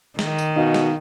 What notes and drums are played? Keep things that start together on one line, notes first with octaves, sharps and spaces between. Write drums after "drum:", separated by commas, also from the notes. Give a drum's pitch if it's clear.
D#3, drum: snare
drum: tambourine
B2 D#4 F5
drum: snare